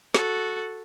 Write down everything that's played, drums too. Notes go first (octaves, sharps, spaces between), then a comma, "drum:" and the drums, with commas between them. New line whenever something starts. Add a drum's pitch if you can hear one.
F#4 A4, drum: snare